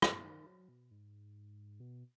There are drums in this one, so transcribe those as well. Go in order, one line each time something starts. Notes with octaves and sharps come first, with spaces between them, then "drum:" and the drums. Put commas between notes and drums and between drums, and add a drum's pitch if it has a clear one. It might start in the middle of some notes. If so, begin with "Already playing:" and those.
B2, drum: rim click
D#3
F#3
B2
G#2
B2